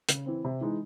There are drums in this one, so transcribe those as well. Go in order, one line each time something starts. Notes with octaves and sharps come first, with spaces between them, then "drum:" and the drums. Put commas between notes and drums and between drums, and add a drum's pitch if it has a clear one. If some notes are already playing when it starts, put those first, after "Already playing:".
C#3, drum: hi-hat
E3 C4
C3
E3 G#3 D#4